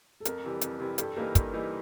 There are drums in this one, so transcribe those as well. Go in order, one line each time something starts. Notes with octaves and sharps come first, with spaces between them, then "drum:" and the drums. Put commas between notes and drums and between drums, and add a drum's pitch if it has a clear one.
A4
F2 A#4, drum: hi-hat
C3 E3 G3
F2, drum: hi-hat
C3 E3 G3
G2 A4, drum: hi-hat
E3 G3 A#3 D#4 A#4
G2, drum: kick, hi-hat
E3 G3 A#3 D#4